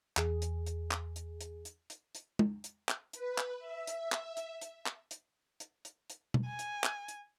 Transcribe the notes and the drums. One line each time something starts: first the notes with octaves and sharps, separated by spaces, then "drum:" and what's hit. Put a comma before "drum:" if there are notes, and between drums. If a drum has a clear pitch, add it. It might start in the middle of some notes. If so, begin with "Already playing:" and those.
E2 G#4, drum: clap
drum: hi-hat
drum: hi-hat
drum: clap
drum: hi-hat
drum: hi-hat
drum: hi-hat
drum: hi-hat
drum: hi-hat
drum: tom
drum: hi-hat
drum: clap
B4, drum: hi-hat
drum: clap
E5
drum: hi-hat
drum: clap
drum: hi-hat
drum: hi-hat
drum: clap
drum: hi-hat
drum: hi-hat
drum: hi-hat
drum: hi-hat
drum: tom B2
G#5
drum: hi-hat
drum: clap
drum: hi-hat